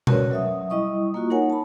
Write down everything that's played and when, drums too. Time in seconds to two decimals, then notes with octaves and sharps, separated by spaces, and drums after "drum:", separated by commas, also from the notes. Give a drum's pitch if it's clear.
0.07 C#4 F#4 A#4 B4 C#5 D5, drum: tom B2
0.31 F#3 E5 D#6
0.70 G3 E4 D#5 C#6 D#6
1.14 A#3 F4 F#4
1.30 D#4 A#4 C#5 F#5 G#5
1.50 A5 B5